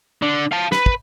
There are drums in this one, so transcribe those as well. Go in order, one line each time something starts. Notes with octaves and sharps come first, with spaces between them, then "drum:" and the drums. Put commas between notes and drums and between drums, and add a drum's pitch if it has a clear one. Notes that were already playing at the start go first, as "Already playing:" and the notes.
D3
F5 A5
B4, drum: snare
drum: kick